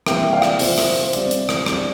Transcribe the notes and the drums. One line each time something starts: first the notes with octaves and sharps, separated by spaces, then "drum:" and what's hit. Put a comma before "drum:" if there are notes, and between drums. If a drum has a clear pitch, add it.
C3 E3 G3 A#3 E5 G5, drum: rim click
D5 F5
drum: rim click
C3 F3 C4 C5 E5, drum: open hi-hat
drum: rim click
C5
C3 G3 C4 D5, drum: hi-hat
drum: hi-hat
drum: rim click
C3 G3 C4 D5, drum: rim click